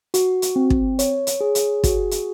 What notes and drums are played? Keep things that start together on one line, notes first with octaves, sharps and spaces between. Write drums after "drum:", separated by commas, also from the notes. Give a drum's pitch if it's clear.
F#4, drum: hi-hat
drum: hi-hat
C4
drum: kick
C#5, drum: hi-hat
drum: hi-hat
G#4
drum: hi-hat
F#4, drum: kick, hi-hat
drum: hi-hat